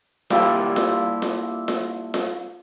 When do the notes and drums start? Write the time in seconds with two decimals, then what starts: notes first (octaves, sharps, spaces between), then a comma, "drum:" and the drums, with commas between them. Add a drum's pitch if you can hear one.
0.30 G3 A#3 D4 E4 F4 G4, drum: snare F4
0.76 drum: snare F4
1.22 drum: snare F4
1.68 drum: snare F4
2.14 drum: snare F4